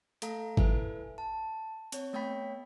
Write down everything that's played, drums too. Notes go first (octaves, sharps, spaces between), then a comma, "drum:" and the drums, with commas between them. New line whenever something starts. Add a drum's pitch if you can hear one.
A3 A4 F5 A#5, drum: hi-hat
E4 A4 B4 E5 G#5, drum: kick G1
A5
C4 C#5, drum: hi-hat
A3 B3 C#5 G5 B5 B6